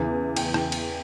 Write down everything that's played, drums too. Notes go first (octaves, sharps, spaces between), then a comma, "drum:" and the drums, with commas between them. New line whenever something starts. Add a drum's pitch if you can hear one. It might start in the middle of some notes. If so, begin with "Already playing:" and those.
Already playing: E2 C#3 E3
G5, drum: cymbal
drum: rim click
drum: cymbal